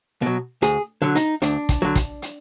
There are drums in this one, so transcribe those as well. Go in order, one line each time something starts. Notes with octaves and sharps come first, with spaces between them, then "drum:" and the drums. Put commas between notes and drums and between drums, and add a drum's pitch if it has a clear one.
B2 F#3
D2 G#4, drum: hi-hat
D3 F#3
D#4, drum: hi-hat
D2 D4, drum: hi-hat
drum: kick, hi-hat
D3 F#3
drum: kick, hi-hat
drum: hi-hat